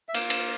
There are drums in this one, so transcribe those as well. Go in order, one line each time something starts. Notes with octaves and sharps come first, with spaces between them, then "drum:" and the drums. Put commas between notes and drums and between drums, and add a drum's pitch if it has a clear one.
E5
A#3 F4 F5, drum: cymbal
drum: cymbal